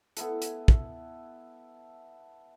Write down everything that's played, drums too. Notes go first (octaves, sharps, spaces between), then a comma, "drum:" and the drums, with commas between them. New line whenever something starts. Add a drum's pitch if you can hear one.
B3 E4 A4, drum: hi-hat
drum: hi-hat
drum: kick